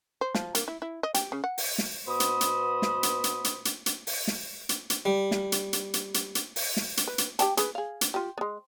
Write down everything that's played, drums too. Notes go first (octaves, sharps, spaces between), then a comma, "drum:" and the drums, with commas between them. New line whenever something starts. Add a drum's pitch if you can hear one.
C5
F3, drum: snare
A#3, drum: hi-hat
E4
E4
D#5
G4, drum: hi-hat
C#3
F#5
drum: open hi-hat
drum: snare
B2 B3 C5 B5 D#6
drum: hi-hat
drum: hi-hat
drum: snare
drum: hi-hat
drum: hi-hat
drum: hi-hat
drum: hi-hat
drum: hi-hat
drum: open hi-hat
drum: snare
drum: hi-hat
drum: hi-hat
G3
drum: snare
drum: hi-hat
drum: hi-hat
drum: hi-hat
drum: hi-hat
drum: hi-hat
drum: open hi-hat
drum: snare
drum: hi-hat
B4
drum: hi-hat
G4 G5 A5, drum: hi-hat
G#4 B4, drum: hi-hat
G#4 F5
drum: hi-hat
F4 G4
G#3 B3